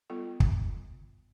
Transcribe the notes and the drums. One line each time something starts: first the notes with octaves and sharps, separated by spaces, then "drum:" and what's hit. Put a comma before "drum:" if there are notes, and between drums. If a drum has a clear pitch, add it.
G3 B3 F4 A4
drum: kick